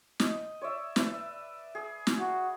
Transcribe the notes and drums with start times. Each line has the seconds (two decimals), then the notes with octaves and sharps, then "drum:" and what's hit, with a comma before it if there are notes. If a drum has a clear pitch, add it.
0.20 D#5, drum: snare
0.62 C#5 D5 E5
0.96 B4 D5 E5, drum: snare
1.75 G#4
2.07 drum: snare
2.19 F#4